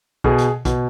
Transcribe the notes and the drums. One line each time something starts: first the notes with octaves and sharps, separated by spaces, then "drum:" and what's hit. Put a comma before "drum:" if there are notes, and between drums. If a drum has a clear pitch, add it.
B2 G#4, drum: kick B1
drum: hi-hat
B2, drum: kick B1, hi-hat